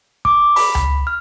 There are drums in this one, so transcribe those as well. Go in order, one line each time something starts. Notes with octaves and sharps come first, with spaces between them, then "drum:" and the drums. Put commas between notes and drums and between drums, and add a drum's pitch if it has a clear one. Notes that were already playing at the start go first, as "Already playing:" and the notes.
D6, drum: kick
B5, drum: open hi-hat
drum: tom C#2
F6